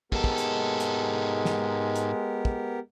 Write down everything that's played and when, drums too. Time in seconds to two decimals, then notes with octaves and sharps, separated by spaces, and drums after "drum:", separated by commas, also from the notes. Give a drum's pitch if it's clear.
0.12 G#2 G#3 B3 G4 A4 A#4, drum: kick
0.24 drum: kick
0.38 drum: hi-hat
0.80 drum: hi-hat
1.45 drum: snare
1.95 drum: hi-hat
2.45 drum: kick